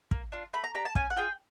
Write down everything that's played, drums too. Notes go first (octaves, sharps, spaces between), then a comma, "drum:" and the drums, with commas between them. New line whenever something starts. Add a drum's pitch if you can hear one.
A#3, drum: kick
D4 F4
A3 B5
A#5
D4 G4 A#5
A5
C#4 G#5, drum: kick
F#5
F4 G#4 G5